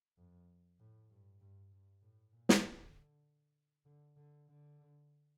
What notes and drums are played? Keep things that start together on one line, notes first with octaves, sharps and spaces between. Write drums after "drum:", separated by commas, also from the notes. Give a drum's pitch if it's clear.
F2
A2
G2
G2
G2
A2
A#2
drum: snare
D3
D3
D3
D3